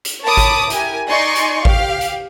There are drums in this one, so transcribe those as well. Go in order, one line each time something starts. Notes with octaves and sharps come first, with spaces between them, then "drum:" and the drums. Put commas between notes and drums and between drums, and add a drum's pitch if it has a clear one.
drum: hi-hat
A#4 C#5 A5 B5 D6 D#6
drum: kick G#1, hi-hat
E4 G4 A#4 G#5, drum: hi-hat
D#4 D5 G#5 C6 C#6
drum: hi-hat
G4 F5, drum: kick G#1
drum: hi-hat